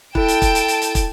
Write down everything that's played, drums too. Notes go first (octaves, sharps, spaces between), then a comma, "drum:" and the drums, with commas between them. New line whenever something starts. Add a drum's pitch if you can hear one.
E4 A4 G5 A5 D7, drum: kick
drum: hi-hat
drum: kick, hi-hat
drum: hi-hat
drum: hi-hat
drum: hi-hat
drum: kick, hi-hat